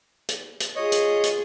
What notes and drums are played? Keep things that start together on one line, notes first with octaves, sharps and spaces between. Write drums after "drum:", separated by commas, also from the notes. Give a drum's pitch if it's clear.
drum: hi-hat
drum: hi-hat
F4 G#4 C#5 D#5
drum: hi-hat
drum: hi-hat